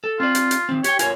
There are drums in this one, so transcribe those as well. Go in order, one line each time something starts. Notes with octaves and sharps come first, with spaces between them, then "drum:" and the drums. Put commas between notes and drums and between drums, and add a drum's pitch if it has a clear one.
A4
C4 F4 D5
drum: hi-hat
drum: hi-hat
D#3 C4
G4 C#5 G5, drum: hi-hat
F4 A#4 C#5 G#5, drum: hi-hat